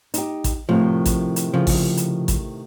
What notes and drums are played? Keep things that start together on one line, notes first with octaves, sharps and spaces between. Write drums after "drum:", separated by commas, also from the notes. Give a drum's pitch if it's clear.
D#4 G4, drum: hi-hat
drum: kick G#1, hi-hat
A2 C3 D#3 F3
drum: kick G#1, hi-hat
drum: hi-hat
C#3 F3
drum: kick G#1, open hi-hat
drum: hi-hat
drum: kick G#1, hi-hat